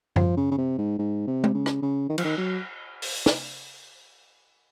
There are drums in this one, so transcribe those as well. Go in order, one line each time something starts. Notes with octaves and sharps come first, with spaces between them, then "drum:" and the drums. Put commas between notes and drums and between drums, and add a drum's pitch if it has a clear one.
F3, drum: tom F#2
C#3
C#3
C3
G#2
G#2
C3
drum: tom G#3
C#3
drum: rim click
C#3
D#3
F3, drum: cymbal
D#3
F#3
drum: open hi-hat
drum: snare